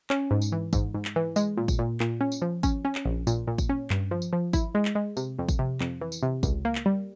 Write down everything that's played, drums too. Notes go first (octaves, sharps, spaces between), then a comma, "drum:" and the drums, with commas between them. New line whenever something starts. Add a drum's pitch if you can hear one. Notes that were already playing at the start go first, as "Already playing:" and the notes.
C#4, drum: clap
G#2
drum: tambourine
E3
G#2, drum: kick, tambourine
G#2
drum: clap
E3
G#3, drum: tambourine
A#2
drum: kick, tambourine
A#2
A#2, drum: clap
C#4
drum: tambourine
F3
C#4, drum: kick, tambourine
C#4
drum: clap
A#1
A#2, drum: tambourine
A#2
drum: kick, tambourine
C#4
G2, drum: clap
F3
drum: tambourine
F3
E4, drum: kick, tambourine
G#3
drum: clap
G#3
C3, drum: tambourine
F2
drum: kick, tambourine
C3
F2, drum: clap
E3
drum: tambourine
C3
C#2, drum: kick, tambourine
A#3
drum: clap
G3